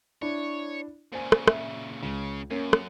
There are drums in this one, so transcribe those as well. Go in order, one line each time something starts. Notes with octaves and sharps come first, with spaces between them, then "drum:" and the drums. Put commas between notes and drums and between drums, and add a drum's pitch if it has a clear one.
D4 E4 C#5
A#2 C#3 C5 G#5
drum: rim click
E5, drum: rim click
C#2 C#3
F#2 A#3 C#4
drum: rim click